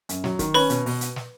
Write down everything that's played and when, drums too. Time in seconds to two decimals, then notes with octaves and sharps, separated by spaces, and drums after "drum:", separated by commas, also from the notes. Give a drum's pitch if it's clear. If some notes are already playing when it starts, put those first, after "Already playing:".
0.09 F#2, drum: hi-hat
0.24 F#3, drum: snare
0.39 D#3, drum: kick, hi-hat
0.54 C#4 B4 B5, drum: open hi-hat
0.70 B2, drum: hi-hat
0.86 B2, drum: open hi-hat
1.01 drum: hi-hat
1.16 drum: snare